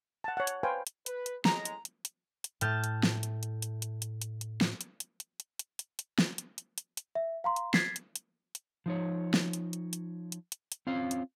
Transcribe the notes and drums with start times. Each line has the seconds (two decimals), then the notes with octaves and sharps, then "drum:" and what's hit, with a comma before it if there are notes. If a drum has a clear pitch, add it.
0.24 F#5 A5
0.37 C#5 F#5
0.47 drum: hi-hat
0.63 B4 C5 F5 G5 G#5
0.87 drum: hi-hat
1.06 B4, drum: hi-hat
1.26 drum: hi-hat
1.45 A2 G#3 A#5, drum: snare
1.65 drum: hi-hat
1.85 drum: hi-hat
2.05 drum: hi-hat
2.44 drum: hi-hat
2.61 A2 A3 A5 F6 G6 E7, drum: hi-hat
2.84 drum: hi-hat
3.03 drum: snare
3.23 drum: hi-hat
3.43 drum: hi-hat
3.62 drum: hi-hat
3.82 drum: hi-hat
4.02 drum: hi-hat
4.22 drum: hi-hat
4.41 drum: hi-hat
4.61 drum: snare
4.81 drum: hi-hat
5.00 drum: hi-hat
5.20 drum: hi-hat
5.40 drum: hi-hat
5.59 drum: hi-hat
5.79 drum: hi-hat
5.99 drum: hi-hat
6.19 drum: snare
6.38 drum: hi-hat
6.58 drum: hi-hat
6.78 drum: hi-hat
6.97 drum: hi-hat
7.15 E5
7.44 F5 A#5 C6
7.56 drum: hi-hat
7.74 G#6 A6 B6 C7, drum: snare
7.96 drum: hi-hat
8.16 drum: hi-hat
8.55 drum: hi-hat
8.86 F3 D#4 C#5
9.34 drum: snare
9.53 drum: hi-hat
9.73 drum: hi-hat
9.93 drum: hi-hat
10.32 drum: hi-hat
10.52 drum: hi-hat
10.72 drum: hi-hat
10.87 C4 C#4 F4 F5
11.11 drum: hi-hat